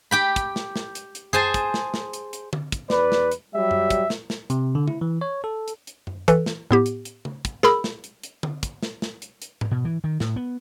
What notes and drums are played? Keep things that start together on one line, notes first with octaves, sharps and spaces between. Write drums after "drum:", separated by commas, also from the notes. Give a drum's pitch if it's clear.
G4 G5 B5
drum: kick, hi-hat
drum: snare
drum: snare
drum: hi-hat
drum: hi-hat
G#4 C5 G#5 A5, drum: tom F#2
drum: kick, hi-hat
drum: snare
drum: snare
drum: hi-hat
drum: hi-hat
drum: tom
drum: kick, hi-hat
E2 B4 D5, drum: snare
drum: snare
drum: hi-hat
F#3 G3 E5
drum: tom F#2
drum: kick, hi-hat
drum: snare
drum: snare
C3, drum: hi-hat
D3
E4, drum: tom C#3
E3
C#5
A4
drum: hi-hat
drum: hi-hat
drum: tom F#2
E3 A4 B4, drum: kick, hi-hat
drum: snare
A2 B3 G4
drum: hi-hat
drum: hi-hat
drum: tom C#3
drum: kick, hi-hat
G#4 A#4 B5 E6, drum: snare
drum: snare
drum: hi-hat
drum: hi-hat
drum: tom
drum: kick, hi-hat
drum: snare
drum: snare
drum: hi-hat
drum: hi-hat
drum: tom G#2
B2
E3
D#3
A2, drum: snare
B3